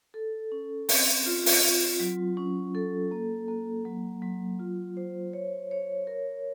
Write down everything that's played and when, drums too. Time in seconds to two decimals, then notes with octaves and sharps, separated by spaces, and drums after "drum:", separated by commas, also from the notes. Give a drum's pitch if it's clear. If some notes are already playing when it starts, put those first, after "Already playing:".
0.14 A4
0.52 C#4
0.89 C4, drum: open hi-hat
1.26 F4
1.46 drum: open hi-hat
1.63 F4
2.00 F#3
2.37 C#4
2.75 A4
3.11 A#3
3.48 A#3
3.85 F#3
4.22 F#3
4.59 F4
4.97 C5
5.33 C#5
5.71 C#5
6.07 A#4